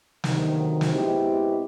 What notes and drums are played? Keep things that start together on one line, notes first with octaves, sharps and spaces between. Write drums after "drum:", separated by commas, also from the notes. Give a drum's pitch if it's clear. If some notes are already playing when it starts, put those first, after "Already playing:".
D2 C3 D#3 F#3, drum: snare
drum: snare
B2 G#3 C4 E4 G4